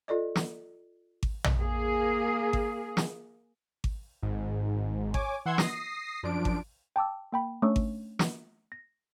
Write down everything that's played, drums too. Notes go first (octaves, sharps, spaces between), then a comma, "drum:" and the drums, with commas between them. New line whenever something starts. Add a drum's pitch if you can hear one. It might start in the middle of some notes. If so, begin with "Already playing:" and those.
F4 A4 D5 D#5
drum: snare
drum: kick G#1
drum: tom A#1
A#3 G#4
drum: kick G#1
drum: snare
drum: kick G#1
G#1 G#2
C#5 G#5 D6, drum: kick G#1
E3 F#5 C6 E6 G#6
D#6 A#6 C7, drum: snare
F#2 F3 D4 D7
drum: kick G#1
G5 A5 D6 E6
A#3 G5 B5
A3 C#4 D4 C#5 C#6 E6
drum: kick G#1
drum: snare
A#6